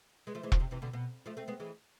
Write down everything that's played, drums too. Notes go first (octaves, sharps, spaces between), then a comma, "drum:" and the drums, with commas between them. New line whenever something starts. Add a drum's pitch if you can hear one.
G#3 B3
F3 A3
E3 G#3
D3 F3, drum: kick E1
C3
C3 E3
B2 D3
B2
F3 A3
A3 C4
G#3 B3
E3 G#3